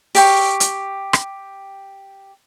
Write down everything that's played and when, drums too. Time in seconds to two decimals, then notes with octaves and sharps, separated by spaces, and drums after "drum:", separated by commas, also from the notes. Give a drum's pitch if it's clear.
0.15 G4 G5 C#6, drum: open hi-hat
0.60 drum: hi-hat
1.13 drum: rim click